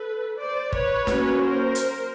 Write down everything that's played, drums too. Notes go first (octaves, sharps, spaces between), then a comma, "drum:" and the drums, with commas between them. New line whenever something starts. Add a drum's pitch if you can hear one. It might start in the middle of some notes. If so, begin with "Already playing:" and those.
Already playing: A4 B4
C5 D5
B4 C#5, drum: kick
F#3 A#3 C#4, drum: snare
A#4 C5
drum: hi-hat